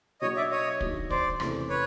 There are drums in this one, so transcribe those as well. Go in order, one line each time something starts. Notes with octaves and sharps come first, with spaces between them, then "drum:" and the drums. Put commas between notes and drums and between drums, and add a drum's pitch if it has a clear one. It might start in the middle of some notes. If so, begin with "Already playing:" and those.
B2 F#3 A#3 D4 C#5 D#5
D5 E5
C#5 D#5
G#2 D#3 F#3 A#3 D4, drum: kick
C5 D5, drum: kick
E2 C3 E3 A3 C#4, drum: rim click
B4 C#5